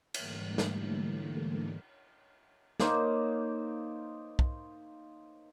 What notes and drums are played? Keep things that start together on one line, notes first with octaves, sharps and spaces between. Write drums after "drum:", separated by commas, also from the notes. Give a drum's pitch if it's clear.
G#2 D3 E3 G3 A3 A#3, drum: cymbal
drum: snare
A#3 D#4 C5 C#5, drum: snare
drum: kick